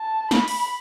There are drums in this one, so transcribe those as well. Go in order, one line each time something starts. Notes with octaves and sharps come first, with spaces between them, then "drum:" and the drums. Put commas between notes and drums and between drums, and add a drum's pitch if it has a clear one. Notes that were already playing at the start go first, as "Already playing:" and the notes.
Already playing: A5
B5, drum: snare
drum: open hi-hat